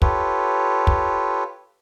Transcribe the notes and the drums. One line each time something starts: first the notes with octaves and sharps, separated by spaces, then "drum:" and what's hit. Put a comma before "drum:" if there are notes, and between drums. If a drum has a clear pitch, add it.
F4 G4 A4 B4 C#5, drum: kick
drum: kick